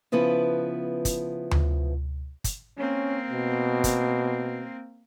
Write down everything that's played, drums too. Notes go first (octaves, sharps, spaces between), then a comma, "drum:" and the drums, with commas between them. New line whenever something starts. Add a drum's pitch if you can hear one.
C#3 F3 B3 E4 B4
drum: kick, hi-hat
drum: tom D2
drum: kick, hi-hat
A#3 C4 C#4
B2
drum: kick, hi-hat